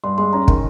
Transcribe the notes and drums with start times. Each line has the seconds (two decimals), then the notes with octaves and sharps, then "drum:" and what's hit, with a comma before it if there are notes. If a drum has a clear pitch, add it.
0.04 G2 C6
0.18 G#3 C6
0.33 C#4 A#5
0.48 D#3, drum: kick